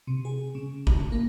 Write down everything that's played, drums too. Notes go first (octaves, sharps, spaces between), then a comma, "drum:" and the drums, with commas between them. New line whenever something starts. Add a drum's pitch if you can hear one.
C3
G#4
C#3
G#1, drum: kick
A#3